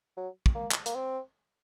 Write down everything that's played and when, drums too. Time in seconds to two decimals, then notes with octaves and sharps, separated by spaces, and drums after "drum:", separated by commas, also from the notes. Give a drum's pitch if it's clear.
0.17 F#3
0.46 drum: kick
0.55 A#3
0.72 drum: clap
0.86 A#3, drum: hi-hat
0.95 C4